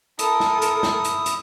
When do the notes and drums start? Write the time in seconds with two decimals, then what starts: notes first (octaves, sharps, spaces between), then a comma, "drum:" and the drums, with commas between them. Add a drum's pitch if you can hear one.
0.19 E4 A4 A#4 D#6, drum: hi-hat
0.40 drum: snare
0.62 drum: hi-hat
0.83 drum: snare
1.05 drum: hi-hat
1.26 drum: hi-hat